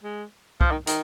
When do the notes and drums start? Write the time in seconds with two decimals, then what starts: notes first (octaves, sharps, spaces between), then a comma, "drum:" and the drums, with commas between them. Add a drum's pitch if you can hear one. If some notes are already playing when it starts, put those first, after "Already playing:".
0.04 G#3
0.61 F3, drum: kick C2
0.72 D#3
0.87 D#3, drum: hi-hat